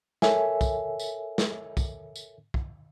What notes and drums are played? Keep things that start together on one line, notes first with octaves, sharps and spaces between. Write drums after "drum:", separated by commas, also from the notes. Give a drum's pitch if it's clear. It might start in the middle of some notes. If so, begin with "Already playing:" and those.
A4 A#4 C#5 E5 G#5, drum: snare
drum: kick, tambourine
drum: tambourine
drum: snare
drum: kick, tambourine
drum: tambourine
drum: kick